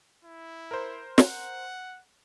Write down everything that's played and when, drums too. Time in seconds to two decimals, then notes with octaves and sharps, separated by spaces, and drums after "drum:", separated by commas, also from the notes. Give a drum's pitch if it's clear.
0.24 E4
0.71 A#4 C5
1.18 F#5, drum: snare